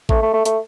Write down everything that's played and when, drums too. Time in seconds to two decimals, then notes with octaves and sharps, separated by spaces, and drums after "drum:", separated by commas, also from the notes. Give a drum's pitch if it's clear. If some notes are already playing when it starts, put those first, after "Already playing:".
0.09 A3, drum: kick A1
0.22 A3
0.33 A3
0.45 A3, drum: hi-hat